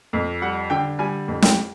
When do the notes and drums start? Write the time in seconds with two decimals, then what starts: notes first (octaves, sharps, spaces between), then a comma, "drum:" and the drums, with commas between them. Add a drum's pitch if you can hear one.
0.13 F2
0.42 G3 F#5
0.70 D3 G5
0.99 G3 G#5
1.28 F2
1.42 G5, drum: snare